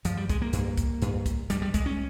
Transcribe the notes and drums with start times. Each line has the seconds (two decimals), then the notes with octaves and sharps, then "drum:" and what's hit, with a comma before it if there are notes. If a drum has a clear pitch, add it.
0.05 G2 F3, drum: hi-hat
0.17 G3
0.29 G#3, drum: kick C2, hi-hat
0.42 A#3
0.53 G2, drum: hi-hat
0.78 drum: kick C2, hi-hat
1.02 G2, drum: hi-hat
1.26 drum: kick C2, hi-hat
1.50 G2 G3, drum: hi-hat
1.62 G3
1.74 G#3, drum: kick C2, hi-hat
1.86 C#4